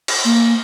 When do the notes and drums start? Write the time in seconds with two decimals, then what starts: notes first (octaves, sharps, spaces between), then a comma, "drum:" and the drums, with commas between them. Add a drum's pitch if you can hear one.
0.08 drum: cymbal
0.25 A#3